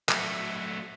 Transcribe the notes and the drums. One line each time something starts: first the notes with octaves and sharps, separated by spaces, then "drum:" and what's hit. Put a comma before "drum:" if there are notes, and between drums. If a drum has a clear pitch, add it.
F#3 A3, drum: clap